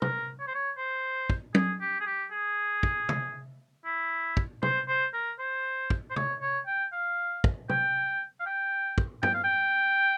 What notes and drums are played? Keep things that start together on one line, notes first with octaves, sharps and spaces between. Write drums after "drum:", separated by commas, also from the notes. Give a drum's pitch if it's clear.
A#4, drum: tom
C#5
C5
C#5
C5
drum: kick
G#4, drum: tom F#3
G4
G#4
G4
G#4
drum: kick
drum: tom
E4
drum: kick
C5, drum: tom
C5
A#4
C5
drum: kick
C5
C#5, drum: tom
C#5
G5
F5
drum: kick
G5, drum: tom
F5
G5
drum: kick
G5, drum: tom
F5
G5